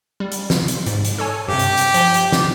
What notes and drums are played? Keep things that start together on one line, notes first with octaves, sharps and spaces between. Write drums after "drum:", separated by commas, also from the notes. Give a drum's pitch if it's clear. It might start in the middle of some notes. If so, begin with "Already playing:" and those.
G3
drum: hi-hat
drum: snare
drum: hi-hat
G#2, drum: hi-hat
drum: hi-hat
A4 C#5 G#5
G2 C3 G4
drum: hi-hat
drum: hi-hat
F3 G#5, drum: hi-hat
drum: hi-hat
drum: snare